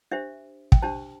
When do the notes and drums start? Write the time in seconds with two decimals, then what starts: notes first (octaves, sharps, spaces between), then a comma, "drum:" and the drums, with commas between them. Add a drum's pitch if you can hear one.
0.11 D4 G4 C5 E5
0.72 G5, drum: kick
0.82 D4 G4 C5 A5